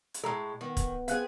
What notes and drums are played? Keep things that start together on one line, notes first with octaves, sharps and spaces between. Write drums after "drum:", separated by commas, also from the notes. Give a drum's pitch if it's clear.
drum: hi-hat
A2 G#3 A4 A#5 E6
D#3 B3
drum: kick, hi-hat
B3 C4 G#4 F5 G5 F#6, drum: hi-hat